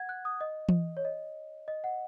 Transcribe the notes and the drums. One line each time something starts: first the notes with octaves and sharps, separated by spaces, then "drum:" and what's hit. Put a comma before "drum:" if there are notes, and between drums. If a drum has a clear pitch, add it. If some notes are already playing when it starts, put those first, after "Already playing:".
Already playing: F#5 G#6
F#6
D#6
D#5
drum: tom E3
C#5
D#5
D#5
F#5